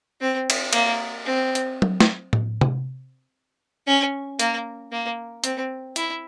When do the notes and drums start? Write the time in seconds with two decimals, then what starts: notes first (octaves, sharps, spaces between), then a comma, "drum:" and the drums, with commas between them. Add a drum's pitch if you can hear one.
0.21 C4
0.50 drum: cymbal
0.73 A#3, drum: cymbal
1.25 C4
1.55 drum: hi-hat
1.82 drum: tom F#3
2.00 drum: snare
2.33 drum: tom A2
2.61 drum: tom C3
3.86 C#4
4.39 A#3, drum: hi-hat
4.92 A#3
5.44 C4, drum: hi-hat
5.96 E4, drum: hi-hat